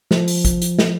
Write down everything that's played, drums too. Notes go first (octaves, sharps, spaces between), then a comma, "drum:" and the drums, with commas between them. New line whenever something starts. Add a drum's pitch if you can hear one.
F3, drum: snare
drum: open hi-hat
drum: kick, hi-hat
drum: hi-hat
drum: snare